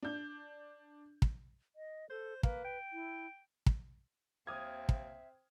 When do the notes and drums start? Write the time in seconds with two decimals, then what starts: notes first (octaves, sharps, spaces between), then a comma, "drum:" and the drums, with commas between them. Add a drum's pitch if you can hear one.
0.03 D4 G6
1.22 drum: kick
1.76 D#5
2.10 A4 C5
2.43 A#3 B4, drum: kick
2.65 G5
2.93 E4
3.66 drum: kick
4.47 D#2 C4 E5 D#6 F6 G#6
4.89 drum: kick